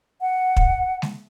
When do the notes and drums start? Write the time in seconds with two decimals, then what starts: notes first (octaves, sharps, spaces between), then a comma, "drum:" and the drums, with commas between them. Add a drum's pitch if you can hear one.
0.21 F#5
0.57 drum: kick
1.02 drum: snare G#3